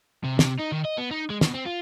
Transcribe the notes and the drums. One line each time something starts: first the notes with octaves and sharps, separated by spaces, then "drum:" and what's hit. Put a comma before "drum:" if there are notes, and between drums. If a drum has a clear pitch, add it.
C3
C3, drum: snare
D#4
D#3
D#5
B3
D#4
G#3
B2, drum: snare
C4
F4